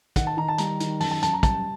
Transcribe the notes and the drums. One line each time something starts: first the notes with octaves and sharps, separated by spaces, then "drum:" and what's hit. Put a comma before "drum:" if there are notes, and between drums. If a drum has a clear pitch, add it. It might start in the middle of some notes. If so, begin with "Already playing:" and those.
D#3 F#5, drum: kick, hi-hat
A5
D#3 A#5
A5
G3 A#5, drum: hi-hat
D#3, drum: hi-hat
F#2 A5, drum: open hi-hat
A5
F#2 A5, drum: hi-hat
A#5
G3 A5, drum: kick, hi-hat